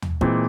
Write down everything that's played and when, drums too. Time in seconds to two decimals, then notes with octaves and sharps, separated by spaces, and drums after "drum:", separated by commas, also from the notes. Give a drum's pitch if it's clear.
0.02 drum: tom
0.21 A#2 E3 G#3 C4, drum: kick